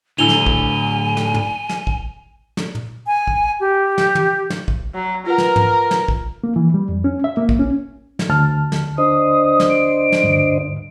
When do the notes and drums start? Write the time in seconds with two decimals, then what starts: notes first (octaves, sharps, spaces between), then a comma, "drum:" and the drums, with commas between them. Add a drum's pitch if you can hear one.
0.18 A2 D3 D4 E4 G#5 E6 F7 G7
0.29 drum: snare
0.46 drum: kick
1.17 drum: snare
1.34 drum: tom
1.69 drum: snare
1.87 drum: kick
2.57 drum: snare
2.75 drum: tom
3.07 G#5
3.27 drum: kick
3.60 G4
3.98 drum: snare
4.15 drum: tom
4.50 drum: snare
4.68 drum: kick
4.94 F#3
5.26 F4 A#4 B4 F#5
5.38 drum: snare
5.56 drum: tom
5.91 drum: snare
6.08 drum: kick
6.44 A#3
6.56 E3
6.74 G3
6.89 F2
7.04 C#4
7.24 E5
7.37 A#3
7.49 drum: kick
7.59 C#4
8.19 drum: snare
8.29 D2 A5 F6
8.72 drum: snare
8.98 D4 C5 D#5 D#6
9.60 drum: snare
9.70 D7
10.12 drum: snare
10.24 D2 G2